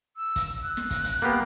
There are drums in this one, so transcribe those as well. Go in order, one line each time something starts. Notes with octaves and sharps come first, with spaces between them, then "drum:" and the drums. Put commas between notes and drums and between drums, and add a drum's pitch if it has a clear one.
E6
drum: kick, hi-hat
F#6
drum: snare
drum: kick, hi-hat
drum: hi-hat
A#3 B3 G4